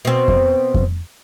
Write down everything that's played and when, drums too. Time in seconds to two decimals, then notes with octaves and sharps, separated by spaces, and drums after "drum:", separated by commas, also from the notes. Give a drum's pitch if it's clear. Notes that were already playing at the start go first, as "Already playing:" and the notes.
0.05 B2 C4
0.28 drum: kick F2
0.74 drum: kick F2